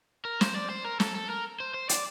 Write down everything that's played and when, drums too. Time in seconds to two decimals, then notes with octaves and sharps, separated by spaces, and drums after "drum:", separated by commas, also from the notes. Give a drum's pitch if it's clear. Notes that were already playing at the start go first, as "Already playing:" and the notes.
0.25 A#4
0.41 C5, drum: snare
0.55 D5
0.70 C5
0.85 A#4
1.00 A4, drum: snare
1.15 A4
1.30 A#4
1.60 C5
1.74 C5
1.89 D5, drum: hi-hat